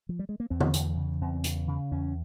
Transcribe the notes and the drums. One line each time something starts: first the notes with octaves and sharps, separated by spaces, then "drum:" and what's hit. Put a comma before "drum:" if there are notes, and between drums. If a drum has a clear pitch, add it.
F3
G3
G#3
A#3
E2 C4
drum: tom D3
E2, drum: hi-hat
C#3
E2 C4
C#3, drum: hi-hat
C#3
E2 C#4